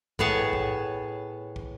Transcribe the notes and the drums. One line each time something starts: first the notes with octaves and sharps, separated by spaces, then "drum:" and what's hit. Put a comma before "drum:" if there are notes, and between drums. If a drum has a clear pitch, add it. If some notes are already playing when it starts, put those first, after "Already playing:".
A2 B3 G#4 C#5 A5, drum: kick
drum: kick
drum: kick